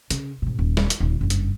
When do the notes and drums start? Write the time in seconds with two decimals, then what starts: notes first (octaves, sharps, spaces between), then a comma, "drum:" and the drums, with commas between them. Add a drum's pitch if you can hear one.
0.10 C#3, drum: hi-hat
0.42 G#2 B2
0.59 D#1
0.77 drum: snare
0.90 drum: hi-hat
1.00 D#1 A#2
1.21 F#1 G2
1.30 drum: hi-hat